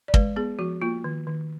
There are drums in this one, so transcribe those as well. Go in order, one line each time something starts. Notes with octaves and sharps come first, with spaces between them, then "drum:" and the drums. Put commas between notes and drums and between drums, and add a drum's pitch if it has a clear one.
D5
G#3 B4, drum: kick
B3 G#4
F3 F#4
A#3 F4
D#3
D#3